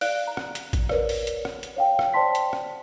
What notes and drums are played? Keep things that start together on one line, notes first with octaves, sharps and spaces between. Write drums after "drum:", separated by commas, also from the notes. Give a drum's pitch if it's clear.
D5 F5 F#6 D7, drum: open hi-hat
A#5
drum: rim click
drum: hi-hat
drum: kick A1, hi-hat
A#4 B4 C#5 D5, drum: rim click
drum: open hi-hat
drum: hi-hat
drum: rim click
drum: hi-hat
C#5 F5 G5
drum: rim click
C5 D5 G5 A5 C6 B6
drum: hi-hat
drum: rim click